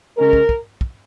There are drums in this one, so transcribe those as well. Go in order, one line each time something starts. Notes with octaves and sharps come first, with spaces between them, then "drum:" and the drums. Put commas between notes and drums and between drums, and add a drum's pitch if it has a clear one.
C#3 G#3 C#4 A#4
drum: kick
drum: kick
drum: kick